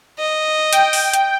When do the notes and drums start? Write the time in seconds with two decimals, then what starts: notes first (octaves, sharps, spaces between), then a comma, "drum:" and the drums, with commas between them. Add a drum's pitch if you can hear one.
0.19 D#5
0.73 G5, drum: hi-hat
0.93 drum: open hi-hat
1.14 drum: hi-hat